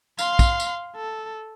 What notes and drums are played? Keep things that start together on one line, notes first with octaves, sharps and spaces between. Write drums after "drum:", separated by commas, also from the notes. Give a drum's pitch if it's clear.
F5 C6, drum: tambourine
drum: kick, tambourine
drum: tambourine
A4